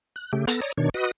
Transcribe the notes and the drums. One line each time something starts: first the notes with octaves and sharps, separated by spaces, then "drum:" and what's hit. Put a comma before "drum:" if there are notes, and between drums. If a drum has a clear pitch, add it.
F#6
C#3 A3 G4
B3 A4 A#6, drum: hi-hat
C#5 D5 A#5 D#6
B2 D#3 D4 C#5
F#4 B4 D#5 D#6